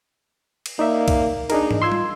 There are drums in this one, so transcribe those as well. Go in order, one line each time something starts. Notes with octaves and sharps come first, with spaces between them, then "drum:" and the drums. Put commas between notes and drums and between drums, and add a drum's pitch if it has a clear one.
drum: cymbal
A#3 D#4 D5 E5
drum: kick B1, cymbal
D4 D#4 G#4 A#4, drum: cymbal
drum: tom
F4 C6 E6 G#6
drum: tom G3